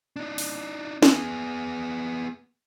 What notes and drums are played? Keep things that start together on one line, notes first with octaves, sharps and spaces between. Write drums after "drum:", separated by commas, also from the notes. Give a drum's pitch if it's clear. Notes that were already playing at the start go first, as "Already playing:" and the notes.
D4 D#4
drum: open hi-hat
B3 G#4, drum: snare